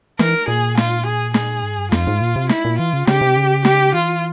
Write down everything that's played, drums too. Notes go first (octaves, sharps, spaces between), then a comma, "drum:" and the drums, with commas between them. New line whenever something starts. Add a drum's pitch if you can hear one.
E3 A#4, drum: snare
A#2 G#4
F4, drum: snare
G#4
G#4, drum: snare
G#2
G2
F2 F4, drum: snare
G#2
A#2
C3
E4, drum: snare
A#2
E3 F4
C#3
C#3 G4, drum: snare
C3
C#3
G4, drum: snare
E3 F4